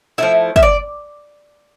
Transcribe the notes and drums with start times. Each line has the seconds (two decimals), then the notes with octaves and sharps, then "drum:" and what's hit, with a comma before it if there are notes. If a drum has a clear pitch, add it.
0.18 F3 A3 E4 E5
0.56 E5, drum: kick
0.63 D5